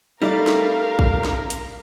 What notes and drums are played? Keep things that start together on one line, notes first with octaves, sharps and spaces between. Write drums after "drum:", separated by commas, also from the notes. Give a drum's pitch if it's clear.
G3 A3 D#4 A4 A#4 D5 F5
drum: snare
drum: kick
drum: snare
drum: hi-hat